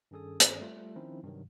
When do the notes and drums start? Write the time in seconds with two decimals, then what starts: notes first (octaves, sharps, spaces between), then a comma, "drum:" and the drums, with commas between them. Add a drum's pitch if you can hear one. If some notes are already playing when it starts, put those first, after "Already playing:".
0.11 G2 D#3 C#4 G#4 A4 D#6
0.40 drum: hi-hat
0.61 G3 A3 F4
0.96 D#3 F3 C4 C#4 D#4 E4
1.24 G2 C3 D#3 F#3